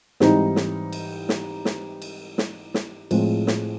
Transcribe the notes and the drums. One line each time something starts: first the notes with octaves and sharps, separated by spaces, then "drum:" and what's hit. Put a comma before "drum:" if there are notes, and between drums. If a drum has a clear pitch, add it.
G#2 E3 G3 C4 D#4, drum: snare
drum: snare
drum: cymbal
drum: snare
drum: snare
drum: cymbal
drum: snare
drum: snare
A2 F3 G#3 C4, drum: cymbal
drum: snare